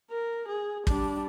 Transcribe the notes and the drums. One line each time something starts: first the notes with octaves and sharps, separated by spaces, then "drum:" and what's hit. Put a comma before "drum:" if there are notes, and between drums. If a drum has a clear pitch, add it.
A#4
G#4
G3 D4, drum: kick